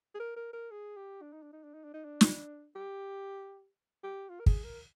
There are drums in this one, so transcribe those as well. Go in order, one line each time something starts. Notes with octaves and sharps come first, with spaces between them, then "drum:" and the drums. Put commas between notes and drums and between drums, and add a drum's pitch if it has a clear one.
G#4
A#4
A#4
A#4
G#4
G4
D4
D#4
D4
D#4
D4
D#4
D4
D#4
D4
drum: snare
G4
G4
F4
A#4
G#4, drum: kick
A#4